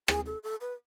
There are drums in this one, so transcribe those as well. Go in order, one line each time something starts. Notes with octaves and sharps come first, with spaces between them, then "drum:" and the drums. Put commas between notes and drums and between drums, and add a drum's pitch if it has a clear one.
G#4, drum: rim click
A4
A4
B4